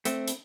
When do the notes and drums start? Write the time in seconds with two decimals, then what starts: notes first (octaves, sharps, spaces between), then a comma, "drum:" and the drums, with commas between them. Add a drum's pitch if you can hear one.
0.05 A3 C4, drum: hi-hat
0.28 drum: hi-hat